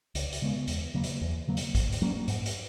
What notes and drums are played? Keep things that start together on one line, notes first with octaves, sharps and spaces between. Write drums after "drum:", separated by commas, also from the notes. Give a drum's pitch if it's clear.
C#2, drum: hi-hat
drum: hi-hat
C#3 G#3 B3
E2, drum: hi-hat
C#3 F#3 A#3
drum: hi-hat
E2
C#3 F#3 A#3
drum: hi-hat
G#2, drum: kick A#1, hi-hat
drum: hi-hat
F#3 A#3 C#4
G#2, drum: hi-hat
drum: hi-hat